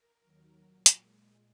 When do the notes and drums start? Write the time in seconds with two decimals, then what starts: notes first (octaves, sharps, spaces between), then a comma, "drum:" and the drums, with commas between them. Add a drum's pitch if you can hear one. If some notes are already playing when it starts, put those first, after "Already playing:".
Already playing: A#4
0.22 D#2 D#3 F#3
0.59 A#2 F#3
0.86 drum: hi-hat
0.97 A#2 G#3